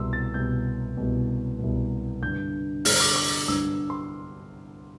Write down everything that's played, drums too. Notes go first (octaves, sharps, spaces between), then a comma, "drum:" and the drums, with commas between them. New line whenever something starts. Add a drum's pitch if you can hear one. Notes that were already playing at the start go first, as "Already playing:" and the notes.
Already playing: C2 B2 C6 E6
A6
C2 B2 G6
C2 B2
C2 B2
G2 D3 G6
G2 D3 F6, drum: open hi-hat
D6
D6
G2 D3 E6
C6